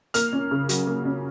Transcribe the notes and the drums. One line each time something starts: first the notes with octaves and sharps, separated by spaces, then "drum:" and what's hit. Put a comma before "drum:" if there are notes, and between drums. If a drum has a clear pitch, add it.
A#3 F6, drum: hi-hat
C#4
C#3
F#3, drum: hi-hat
A#3
C#4